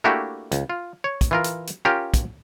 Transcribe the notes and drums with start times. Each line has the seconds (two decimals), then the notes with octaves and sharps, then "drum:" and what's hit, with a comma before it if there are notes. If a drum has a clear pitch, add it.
0.04 A3 A#3 D4 E4 F#4 G4
0.52 C#2, drum: hi-hat
0.70 F4
1.04 C#5
1.21 drum: kick, hi-hat
1.31 E3 F4 A#4
1.44 drum: hi-hat
1.67 drum: hi-hat
1.85 C#4 F4 G4 A#4
2.14 drum: kick, hi-hat